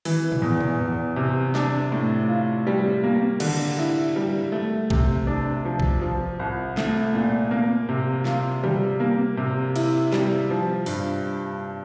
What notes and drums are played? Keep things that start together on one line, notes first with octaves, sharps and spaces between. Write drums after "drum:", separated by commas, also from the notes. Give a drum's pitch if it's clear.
E3, drum: open hi-hat
drum: tom A2
E2
drum: tom A2
E2
C3
D4, drum: snare
A2
F4
G3
A#3
D3, drum: cymbal
E4
G3
A3
C3, drum: kick A#1
D4
F3
drum: kick A#1
F3
C2
A3, drum: snare
A#2
A#3
C3
F4, drum: snare
G3, drum: tom C#3
A#3
C3
E4, drum: cymbal
G3, drum: snare
F3
G2, drum: open hi-hat